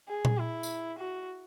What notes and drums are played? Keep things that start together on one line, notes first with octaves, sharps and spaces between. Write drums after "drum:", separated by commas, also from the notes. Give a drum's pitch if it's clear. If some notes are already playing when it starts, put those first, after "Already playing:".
G#4
drum: tom A#2
E4
drum: tambourine
F#4